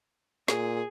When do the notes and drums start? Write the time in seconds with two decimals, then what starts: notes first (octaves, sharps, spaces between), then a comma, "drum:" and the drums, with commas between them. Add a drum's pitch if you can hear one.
0.48 A#2 G#4, drum: snare